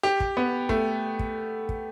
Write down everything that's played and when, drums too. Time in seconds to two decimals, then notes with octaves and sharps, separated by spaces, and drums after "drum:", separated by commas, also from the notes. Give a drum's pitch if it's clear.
0.03 G4
0.20 drum: kick
0.37 B3
0.69 A3, drum: kick
1.19 drum: kick
1.69 drum: kick